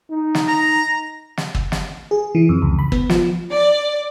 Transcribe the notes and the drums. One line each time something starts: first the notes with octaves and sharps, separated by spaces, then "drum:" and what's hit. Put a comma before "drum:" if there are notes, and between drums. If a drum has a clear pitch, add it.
D#4
drum: snare
A#5
drum: snare
drum: kick
drum: snare
G#4
E3
F2
C#2
B5
B3, drum: kick
F3, drum: snare
D5